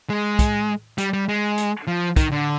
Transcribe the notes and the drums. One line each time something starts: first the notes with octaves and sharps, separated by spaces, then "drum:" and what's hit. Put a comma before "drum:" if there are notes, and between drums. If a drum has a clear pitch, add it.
G#3
drum: kick, hi-hat
G3, drum: hi-hat
G3
G#3
drum: hi-hat
F3
D#3, drum: kick, hi-hat
D3